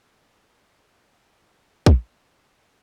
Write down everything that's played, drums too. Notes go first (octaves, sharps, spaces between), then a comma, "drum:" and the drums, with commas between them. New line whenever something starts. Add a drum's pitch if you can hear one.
G2 F#3 F5
F#4
drum: kick
C#4 F#4 G#4 F5 G7